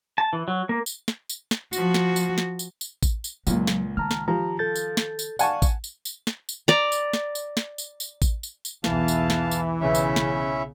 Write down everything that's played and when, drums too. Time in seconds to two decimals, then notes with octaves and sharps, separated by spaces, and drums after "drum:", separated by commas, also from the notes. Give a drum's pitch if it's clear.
0.18 A5
0.33 E3
0.48 F#3
0.69 A#3
0.86 drum: tambourine
1.08 drum: snare
1.30 drum: tambourine
1.51 drum: snare
1.73 F3 F#4, drum: tambourine
1.94 drum: snare
2.16 drum: tambourine
2.38 drum: snare
2.59 drum: tambourine
2.81 drum: tambourine
3.03 drum: kick A1, tambourine
3.24 drum: tambourine
3.47 C#2 A#2 F#3, drum: tambourine
3.67 drum: snare
3.97 D#3 A5 A#5 F6
4.11 drum: snare
4.28 F3 G4 A#5
4.59 A4 G6 A6
4.76 drum: tambourine
4.97 drum: snare
5.19 drum: tambourine
5.39 D5 F5 F#5 G#5 A5 C#6, drum: tambourine
5.62 drum: kick A1, tambourine
5.84 drum: tambourine
6.05 drum: tambourine
6.27 drum: snare
6.49 drum: tambourine
6.68 D5 A#5, drum: snare
6.92 drum: tambourine
7.13 drum: snare
7.35 drum: tambourine
7.57 drum: snare
7.78 drum: tambourine
8.00 drum: tambourine
8.22 drum: kick A1, tambourine
8.43 drum: tambourine
8.65 drum: tambourine
8.84 B1 E2 E3 F5 A5, drum: snare
9.08 drum: tambourine
9.30 drum: snare
9.51 drum: tambourine
9.81 B1 C#3 C#4 E4 E5
9.95 drum: tambourine
10.16 drum: snare